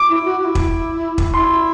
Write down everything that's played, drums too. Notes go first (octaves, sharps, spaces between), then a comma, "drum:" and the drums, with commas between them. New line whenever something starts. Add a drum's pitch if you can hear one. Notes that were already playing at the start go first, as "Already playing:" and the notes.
Already playing: D6
E4
F#4
F#4
E4
drum: kick
drum: kick
E4 C6